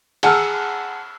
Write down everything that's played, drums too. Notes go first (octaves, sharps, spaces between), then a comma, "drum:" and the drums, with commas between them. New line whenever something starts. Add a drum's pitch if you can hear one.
G#4 F#5 A5 E6 F6, drum: cymbal